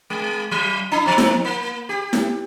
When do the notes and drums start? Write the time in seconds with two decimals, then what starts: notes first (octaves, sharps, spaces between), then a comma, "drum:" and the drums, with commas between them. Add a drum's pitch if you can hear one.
0.10 G#3
0.51 F#3
0.92 D4 E4
1.06 F3 C4
1.18 drum: snare E4
1.45 A#3
1.89 G4
2.13 drum: snare E4